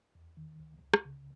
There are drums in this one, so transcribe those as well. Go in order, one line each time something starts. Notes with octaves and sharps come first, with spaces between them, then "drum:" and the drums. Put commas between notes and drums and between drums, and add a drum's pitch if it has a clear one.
E2
D#3
C#2
C#2
drum: rim click
C#3